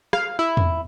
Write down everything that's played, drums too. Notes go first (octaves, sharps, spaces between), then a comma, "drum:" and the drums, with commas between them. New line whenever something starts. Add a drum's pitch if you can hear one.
F5, drum: rim click
E4
drum: tom E2